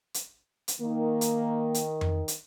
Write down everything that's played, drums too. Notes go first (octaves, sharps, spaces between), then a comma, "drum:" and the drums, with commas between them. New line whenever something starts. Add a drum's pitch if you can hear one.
drum: hi-hat
drum: hi-hat
D#3 A#3
drum: hi-hat
drum: hi-hat
drum: tom F2
drum: hi-hat